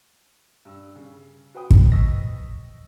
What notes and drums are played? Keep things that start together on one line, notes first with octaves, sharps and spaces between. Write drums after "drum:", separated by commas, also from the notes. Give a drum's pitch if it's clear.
G2 E6
C#3
F#4 B4 C5 G5 D#6
drum: kick
D#5 C#6 D#6 E6 A#6 B6